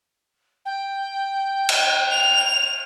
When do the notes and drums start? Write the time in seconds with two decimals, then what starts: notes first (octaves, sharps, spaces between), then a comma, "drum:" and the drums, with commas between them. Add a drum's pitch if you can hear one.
0.65 G5
1.69 drum: cymbal
2.11 F7